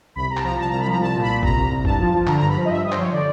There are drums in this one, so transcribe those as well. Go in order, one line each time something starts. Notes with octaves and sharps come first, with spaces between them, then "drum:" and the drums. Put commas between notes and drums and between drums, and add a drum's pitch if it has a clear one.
C2 B5
C2 A#5
A5, drum: clap
F3 A#5
C2 A5
A#5
C2
B5
F3 A#5
C2 A5
A#2
B5
A#2
C2 A#5, drum: kick G#1
C2
C2
G2 A5, drum: kick G#1
F3
F3
D3 A#5, drum: clap
A#5
G2
B5
F3
D#5
G2 E5
G2 D#5
C5, drum: clap
F3 C#5
D3 D5